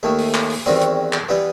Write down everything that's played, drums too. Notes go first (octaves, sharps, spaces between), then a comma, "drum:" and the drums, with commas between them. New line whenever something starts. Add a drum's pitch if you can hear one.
D#2 D#3 A3
drum: open hi-hat
drum: clap
drum: open hi-hat
E2 D#3 G3 C4 F#4
drum: hi-hat
drum: clap
E3 G3 B3